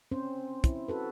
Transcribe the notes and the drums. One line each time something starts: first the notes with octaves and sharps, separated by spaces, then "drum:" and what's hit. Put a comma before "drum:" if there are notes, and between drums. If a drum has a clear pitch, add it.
C4 C#4 C5
E4, drum: kick, hi-hat
F#4 A4 B4